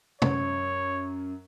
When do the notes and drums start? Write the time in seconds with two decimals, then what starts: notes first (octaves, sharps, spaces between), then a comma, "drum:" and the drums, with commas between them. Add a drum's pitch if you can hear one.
0.22 F#2 C#5, drum: tom